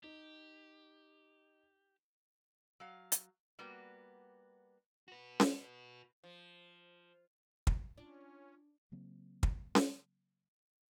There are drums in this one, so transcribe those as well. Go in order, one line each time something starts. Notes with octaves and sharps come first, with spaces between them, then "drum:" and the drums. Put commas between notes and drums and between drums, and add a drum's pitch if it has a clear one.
D#4 G4
F#3 F5
drum: hi-hat
G3 A#3 B3 F#4
F#4 B4
drum: snare C#4
F3
drum: kick
C#4 D4 F4
C#3 F#3 A#3 C4
drum: kick
drum: snare C#4